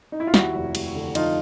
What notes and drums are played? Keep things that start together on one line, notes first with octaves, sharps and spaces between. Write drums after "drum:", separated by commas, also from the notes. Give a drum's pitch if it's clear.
D#4
E4
F4
D#2 E4 F#4, drum: snare
F1
F1, drum: cymbal
D3
F3 D#4 F4, drum: cymbal